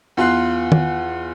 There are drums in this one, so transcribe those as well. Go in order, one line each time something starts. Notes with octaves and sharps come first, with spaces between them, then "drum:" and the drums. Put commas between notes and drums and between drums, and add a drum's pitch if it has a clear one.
E2 F4 C6 F#6 C7
drum: tom